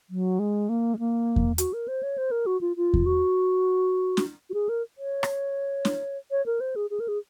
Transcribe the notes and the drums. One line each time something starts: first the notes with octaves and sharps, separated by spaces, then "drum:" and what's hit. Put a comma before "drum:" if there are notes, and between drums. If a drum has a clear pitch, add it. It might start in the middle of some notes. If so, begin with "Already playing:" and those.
F#3
G#3
A#3
G#3
A#3
drum: kick E2
F#4, drum: hi-hat
A#4
C5
C#5
C5
A#4
F#4
F4
F4
drum: kick E2
F#4
drum: snare
F#4
G#4
A#4
C#5
drum: rim click
drum: snare
C#5
A#4
C5
G#4
G#4
A#4
G#4